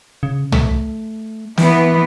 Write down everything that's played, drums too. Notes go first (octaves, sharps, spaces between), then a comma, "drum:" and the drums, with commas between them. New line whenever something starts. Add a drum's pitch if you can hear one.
C#3
A3, drum: tom
E3 B3, drum: snare